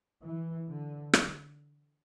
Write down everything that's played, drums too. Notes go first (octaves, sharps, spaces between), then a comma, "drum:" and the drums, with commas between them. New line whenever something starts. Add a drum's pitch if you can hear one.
E3
D3
drum: rim click